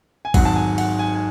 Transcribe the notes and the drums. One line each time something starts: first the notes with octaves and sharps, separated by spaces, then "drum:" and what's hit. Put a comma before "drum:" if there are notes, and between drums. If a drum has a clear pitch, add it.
G#5
G#1 G#2 F#3 F#5, drum: kick A#1, cymbal
A5
G#5
F#5, drum: cymbal
G#5
G#5